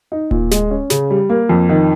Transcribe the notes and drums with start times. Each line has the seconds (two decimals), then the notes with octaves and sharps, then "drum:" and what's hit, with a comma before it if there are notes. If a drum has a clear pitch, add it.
0.12 D#4
0.31 A#2, drum: kick D1
0.51 G#3, drum: snare
0.71 C#4
0.90 C#3, drum: snare
1.10 G3
1.29 A#3
1.49 F2
1.69 D#3